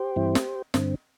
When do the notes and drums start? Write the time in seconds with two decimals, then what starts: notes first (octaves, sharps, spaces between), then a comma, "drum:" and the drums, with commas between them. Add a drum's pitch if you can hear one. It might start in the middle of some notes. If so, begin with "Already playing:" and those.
Already playing: G4 C5
0.16 G2 E3 C4 E4
0.35 drum: snare
0.74 G2 D3 C4, drum: snare